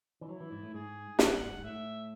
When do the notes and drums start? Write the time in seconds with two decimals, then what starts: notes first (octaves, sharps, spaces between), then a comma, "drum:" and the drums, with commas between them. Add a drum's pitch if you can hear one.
0.21 E3
0.29 F#3 E4
0.40 E3
0.51 G#2
0.63 A2
0.74 G#2 G#4
1.19 G#2 F#5, drum: snare
1.57 G#2
1.64 A2 E5